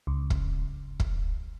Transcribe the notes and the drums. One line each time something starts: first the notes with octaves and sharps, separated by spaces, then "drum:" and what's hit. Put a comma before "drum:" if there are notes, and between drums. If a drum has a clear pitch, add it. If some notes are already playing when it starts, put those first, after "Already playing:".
C#2
drum: kick
drum: kick